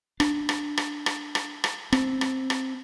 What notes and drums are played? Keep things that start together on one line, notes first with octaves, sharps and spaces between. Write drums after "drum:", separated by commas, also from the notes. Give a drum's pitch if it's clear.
D4, drum: rim click
drum: rim click
drum: rim click
drum: rim click
drum: rim click
drum: rim click
C4, drum: rim click
drum: rim click
drum: rim click